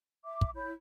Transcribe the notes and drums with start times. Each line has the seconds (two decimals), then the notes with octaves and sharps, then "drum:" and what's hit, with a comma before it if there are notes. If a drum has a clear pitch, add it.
0.25 E5 D6
0.41 drum: kick
0.55 E4 C#5 B5 G6